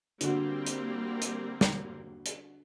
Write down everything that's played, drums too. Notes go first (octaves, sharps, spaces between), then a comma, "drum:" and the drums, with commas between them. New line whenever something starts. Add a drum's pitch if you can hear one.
D3 G3 A#3 C4 F#4, drum: hi-hat
drum: hi-hat
drum: hi-hat
drum: snare
drum: hi-hat